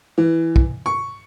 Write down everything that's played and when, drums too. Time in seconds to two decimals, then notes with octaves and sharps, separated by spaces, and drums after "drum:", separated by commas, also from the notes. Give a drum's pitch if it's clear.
0.18 E3
0.56 drum: kick
0.86 C#6